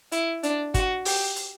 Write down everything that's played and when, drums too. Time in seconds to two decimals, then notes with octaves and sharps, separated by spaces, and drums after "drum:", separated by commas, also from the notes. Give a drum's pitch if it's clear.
0.12 E4, drum: hi-hat
0.43 D4, drum: hi-hat
0.74 F#4, drum: kick G1, hi-hat
1.05 G4, drum: open hi-hat
1.36 drum: hi-hat